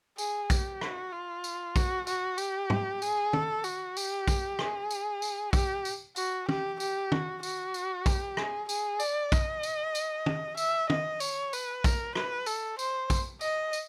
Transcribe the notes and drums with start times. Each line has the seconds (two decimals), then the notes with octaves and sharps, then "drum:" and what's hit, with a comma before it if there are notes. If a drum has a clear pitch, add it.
0.18 G#4, drum: tambourine
0.50 G4, drum: kick, tambourine
0.81 F#4, drum: rim click
1.12 F4
1.44 drum: tambourine
1.76 F#4, drum: kick, tambourine
2.07 F#4, drum: tambourine
2.38 G4, drum: tambourine
2.70 drum: tom
3.02 G#4, drum: tambourine
3.33 A4, drum: tom
3.64 F#4, drum: tambourine
3.97 G4, drum: tambourine
4.28 drum: kick, tambourine
4.59 G#4, drum: rim click
4.91 drum: tambourine
5.22 drum: tambourine
5.53 G4, drum: kick, tambourine
5.85 drum: tambourine
6.16 F#4, drum: tambourine
6.49 G4, drum: tom
6.80 G4, drum: tambourine
7.12 F#4, drum: tom
7.43 F#4, drum: tambourine
7.74 drum: tambourine
8.06 G4, drum: kick, tambourine
8.37 G#4, drum: rim click
8.69 G#4, drum: tambourine
9.00 D5, drum: tambourine
9.32 D#5, drum: kick, tambourine
9.63 drum: tambourine
9.95 drum: tambourine
10.26 drum: tom
10.57 E5, drum: tambourine
10.90 D#5, drum: tom
11.20 C#5, drum: tambourine
11.53 B4, drum: tambourine
11.84 A#4, drum: kick, tambourine
12.15 B4, drum: rim click
12.46 A4, drum: tambourine
12.79 C5, drum: tambourine
13.10 drum: kick, tambourine
13.41 D#5, drum: tambourine
13.73 drum: tambourine